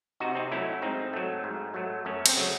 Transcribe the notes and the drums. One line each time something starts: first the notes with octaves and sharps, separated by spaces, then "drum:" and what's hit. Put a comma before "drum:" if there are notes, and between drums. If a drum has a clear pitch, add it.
C3 D#4 F#4
C4 D#4
F#3 A3 C#4 E4
G#2 C4 D#4
F#3 A3
G#2
F#3 A3
F#2 A3 C#4
C4, drum: cymbal
C#3 F#3 A3